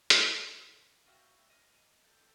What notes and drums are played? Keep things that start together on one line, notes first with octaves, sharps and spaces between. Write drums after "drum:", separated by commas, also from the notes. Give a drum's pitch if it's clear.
drum: hi-hat
F4 F#4 E5 G5
D#5 F6
A4 G5